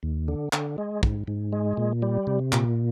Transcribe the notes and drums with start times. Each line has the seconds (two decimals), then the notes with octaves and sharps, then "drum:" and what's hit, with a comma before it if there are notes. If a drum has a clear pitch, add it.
0.03 D#2
0.28 D3
0.53 D3, drum: clap
0.78 G#3
1.03 G#2, drum: kick
1.28 G#2
1.52 G#3
1.77 A#2
2.02 G3
2.27 C3
2.52 A#2, drum: clap